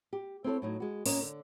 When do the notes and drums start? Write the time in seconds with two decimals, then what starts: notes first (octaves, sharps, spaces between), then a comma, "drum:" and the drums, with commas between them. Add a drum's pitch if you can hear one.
0.13 G4
0.44 C4 E4 A4 C#5
0.62 A2 F#3 D#4
0.80 G#3 F#4
1.06 A#2 C#4 A#4 D#5, drum: open hi-hat
1.22 D3